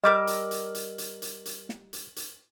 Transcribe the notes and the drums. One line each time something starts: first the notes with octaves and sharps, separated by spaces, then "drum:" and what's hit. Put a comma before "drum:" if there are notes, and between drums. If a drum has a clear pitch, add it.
G3 A#4 D#5 D6 E6
drum: hi-hat
drum: hi-hat
drum: hi-hat
drum: hi-hat
drum: hi-hat
drum: hi-hat
drum: snare
drum: hi-hat
drum: hi-hat